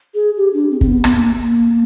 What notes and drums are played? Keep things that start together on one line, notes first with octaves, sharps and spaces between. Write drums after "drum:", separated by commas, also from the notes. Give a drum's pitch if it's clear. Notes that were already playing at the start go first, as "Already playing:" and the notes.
G#4
G4
D4
C4
C4, drum: kick
B3
B3, drum: rim click
A#3
A#3